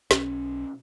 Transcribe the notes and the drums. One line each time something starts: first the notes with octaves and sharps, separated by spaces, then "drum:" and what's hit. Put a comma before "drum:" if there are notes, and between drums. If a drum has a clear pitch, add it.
B1 C#4, drum: snare